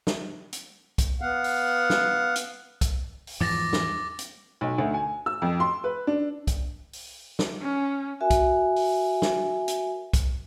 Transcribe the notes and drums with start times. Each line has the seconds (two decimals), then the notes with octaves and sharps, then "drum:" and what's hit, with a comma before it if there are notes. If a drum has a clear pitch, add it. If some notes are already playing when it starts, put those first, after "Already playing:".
0.07 drum: snare
0.53 drum: hi-hat
0.98 drum: kick B1, hi-hat
1.21 B3 F5 F#5
1.44 drum: open hi-hat
1.90 drum: snare
2.36 drum: hi-hat
2.81 drum: kick B1, hi-hat
3.27 drum: open hi-hat
3.40 E2 G#2 F3 D6 A6 A#6
3.73 drum: snare
4.19 drum: hi-hat
4.61 B1
4.78 D2
4.94 G#5
5.26 E6
5.42 F2
5.60 C6
5.84 B4
6.07 D4
6.47 drum: kick B1, hi-hat
6.93 drum: open hi-hat
7.39 drum: snare
7.62 C#4
8.21 F#4 A#4 E5 G#5
8.30 drum: kick B1, hi-hat
8.76 drum: open hi-hat
9.22 drum: snare
9.68 drum: hi-hat
10.13 drum: kick B1, hi-hat